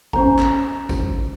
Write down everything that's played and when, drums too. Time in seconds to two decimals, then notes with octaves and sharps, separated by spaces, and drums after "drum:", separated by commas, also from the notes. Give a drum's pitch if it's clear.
0.13 C#4 C5 A#5, drum: kick G#1
0.39 drum: clap
0.89 drum: kick G#1, tambourine